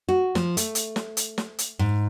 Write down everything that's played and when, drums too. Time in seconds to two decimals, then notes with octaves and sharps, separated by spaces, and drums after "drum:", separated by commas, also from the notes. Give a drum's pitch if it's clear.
0.09 F#4
0.35 F3, drum: snare
0.57 A3, drum: hi-hat
0.75 drum: hi-hat
0.96 drum: snare
1.17 drum: hi-hat
1.38 drum: snare
1.59 drum: hi-hat
1.79 G#2